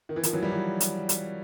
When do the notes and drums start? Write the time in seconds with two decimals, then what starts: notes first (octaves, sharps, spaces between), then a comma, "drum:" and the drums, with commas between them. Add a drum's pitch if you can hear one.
0.09 D#3
0.16 E3
0.23 D#3 F3, drum: hi-hat
0.33 E3 F#3
0.43 F3 G3
0.52 E3 F#3
0.80 drum: hi-hat
1.09 drum: hi-hat